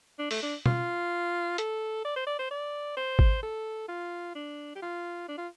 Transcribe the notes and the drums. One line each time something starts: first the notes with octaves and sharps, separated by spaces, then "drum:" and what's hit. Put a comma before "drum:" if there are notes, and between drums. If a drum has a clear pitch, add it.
D4
A3, drum: open hi-hat
D4
F4, drum: tom B2
A4, drum: hi-hat
D5
C5
D5
C5
D5
C5
drum: kick G#1
A4
F4
D4
G4
F4
D4
F4